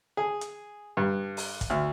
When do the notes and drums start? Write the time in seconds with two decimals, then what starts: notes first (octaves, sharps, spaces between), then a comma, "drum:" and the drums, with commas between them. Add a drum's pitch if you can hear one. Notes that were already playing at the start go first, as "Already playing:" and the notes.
0.17 G#4
0.41 drum: hi-hat
0.97 G2
1.37 drum: open hi-hat
1.61 drum: kick, hi-hat
1.70 D2